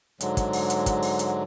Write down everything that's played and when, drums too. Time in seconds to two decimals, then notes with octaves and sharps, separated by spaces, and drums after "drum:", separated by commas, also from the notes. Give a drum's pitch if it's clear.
0.21 G#2 D3 F#3 G#3, drum: hi-hat
0.37 drum: kick, hi-hat
0.53 drum: open hi-hat
0.70 drum: hi-hat
0.86 drum: kick, hi-hat
1.03 drum: open hi-hat
1.19 drum: hi-hat